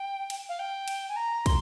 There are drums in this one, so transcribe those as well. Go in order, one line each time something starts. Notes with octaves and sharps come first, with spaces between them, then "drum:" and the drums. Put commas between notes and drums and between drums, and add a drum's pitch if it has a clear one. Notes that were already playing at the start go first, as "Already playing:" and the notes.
Already playing: G5
drum: cymbal
F5
G5
drum: cymbal
G#5
A#5
C6, drum: kick, cymbal